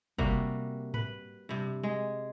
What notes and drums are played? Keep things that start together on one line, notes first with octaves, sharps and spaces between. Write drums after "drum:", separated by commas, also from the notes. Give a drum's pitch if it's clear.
C3 G3 A#3 F#4, drum: kick
B4, drum: tom G#2
G2 C3
G#3